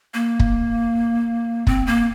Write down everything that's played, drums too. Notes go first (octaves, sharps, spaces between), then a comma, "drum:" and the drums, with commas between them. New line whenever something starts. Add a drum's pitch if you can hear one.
A#3
drum: kick
C4, drum: kick
A#3